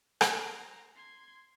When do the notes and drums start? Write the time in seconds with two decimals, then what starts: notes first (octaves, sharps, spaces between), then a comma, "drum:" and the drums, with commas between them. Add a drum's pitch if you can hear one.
0.21 C5 A#5, drum: rim click
0.95 C6 G#6